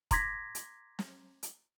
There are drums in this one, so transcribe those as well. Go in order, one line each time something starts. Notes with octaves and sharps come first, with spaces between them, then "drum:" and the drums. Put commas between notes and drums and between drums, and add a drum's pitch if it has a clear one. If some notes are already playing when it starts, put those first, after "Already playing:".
A#5 C6 D6 G#6 A#6 B6, drum: kick, hi-hat
drum: hi-hat
drum: snare
drum: hi-hat